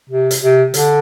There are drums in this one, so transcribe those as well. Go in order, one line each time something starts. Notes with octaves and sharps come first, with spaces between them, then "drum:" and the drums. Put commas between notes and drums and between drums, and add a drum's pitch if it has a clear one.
C3
drum: hi-hat
C3
D3, drum: hi-hat